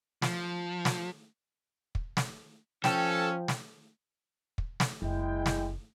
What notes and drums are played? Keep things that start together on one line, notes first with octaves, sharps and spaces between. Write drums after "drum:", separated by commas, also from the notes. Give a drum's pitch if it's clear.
F3, drum: snare
drum: snare
drum: kick
drum: snare
F3 C#4 A4 G5, drum: snare
drum: snare
drum: kick
drum: snare
F#1 G#3 E4 G5
drum: snare